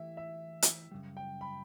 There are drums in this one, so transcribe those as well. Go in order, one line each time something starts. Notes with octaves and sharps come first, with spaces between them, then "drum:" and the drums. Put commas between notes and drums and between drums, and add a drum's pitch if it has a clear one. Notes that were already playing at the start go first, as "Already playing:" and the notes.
Already playing: E3 A3 E4 G4 E5
E5
drum: hi-hat
F#2 C#3 G3
G5
B5